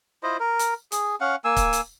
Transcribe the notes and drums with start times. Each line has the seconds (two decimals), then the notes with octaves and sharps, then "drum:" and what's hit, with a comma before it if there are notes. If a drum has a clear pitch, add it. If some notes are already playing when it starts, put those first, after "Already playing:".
0.23 E4 F4 C5 D#5
0.40 A#4
0.59 drum: hi-hat
0.92 G#4, drum: hi-hat
1.20 C#4 F5 F#5
1.45 A#3 G#5 E6
1.56 drum: kick C#1, hi-hat
1.73 drum: hi-hat